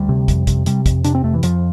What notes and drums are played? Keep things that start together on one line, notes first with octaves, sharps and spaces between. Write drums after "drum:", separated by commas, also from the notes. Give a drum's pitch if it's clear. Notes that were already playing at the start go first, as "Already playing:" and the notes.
Already playing: D2 G3
C3
F2, drum: kick, hi-hat
C3, drum: kick, hi-hat
C3 G3, drum: hi-hat
F2, drum: kick, hi-hat
C3 D4, drum: hi-hat
C4
F2 A3
E3
F2 F3, drum: hi-hat